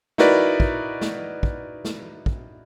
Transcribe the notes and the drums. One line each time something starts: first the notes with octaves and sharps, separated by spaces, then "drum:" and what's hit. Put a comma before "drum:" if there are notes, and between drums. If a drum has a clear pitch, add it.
D#4 E4 F#4 A#4 B4 D5, drum: snare
drum: kick
drum: snare
drum: kick
drum: snare
drum: kick